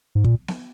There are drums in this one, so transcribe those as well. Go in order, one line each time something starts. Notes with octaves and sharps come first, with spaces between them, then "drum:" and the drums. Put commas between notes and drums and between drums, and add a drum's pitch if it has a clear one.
G#2
A#2, drum: kick
drum: snare B3